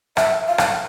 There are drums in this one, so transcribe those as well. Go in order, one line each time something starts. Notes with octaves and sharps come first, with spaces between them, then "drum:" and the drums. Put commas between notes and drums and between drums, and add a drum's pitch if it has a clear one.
E5, drum: rim click
F5
drum: rim click